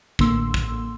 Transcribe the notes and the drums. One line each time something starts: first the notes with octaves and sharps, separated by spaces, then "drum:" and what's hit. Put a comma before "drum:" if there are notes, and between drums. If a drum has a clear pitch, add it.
A1 A2 D3 A#3 C6 E6, drum: kick
drum: kick